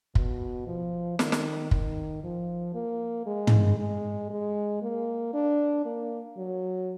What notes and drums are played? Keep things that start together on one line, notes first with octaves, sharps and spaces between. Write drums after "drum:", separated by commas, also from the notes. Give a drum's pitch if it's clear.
B2, drum: kick
F3
D#3, drum: snare
drum: snare
D#3, drum: kick
F3
A#3
G#3
drum: tom
G#3
G#3
A#3
D4
A#3
F#3